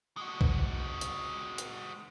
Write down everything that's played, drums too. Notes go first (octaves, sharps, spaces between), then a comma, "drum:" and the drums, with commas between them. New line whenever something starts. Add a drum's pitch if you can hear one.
G#3 F#4
drum: kick B1
drum: hi-hat
drum: hi-hat